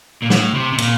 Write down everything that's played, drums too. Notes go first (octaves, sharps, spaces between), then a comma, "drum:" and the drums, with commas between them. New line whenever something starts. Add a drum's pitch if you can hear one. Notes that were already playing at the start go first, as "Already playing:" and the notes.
A#2
A2, drum: snare
C3
C3
A#2, drum: cymbal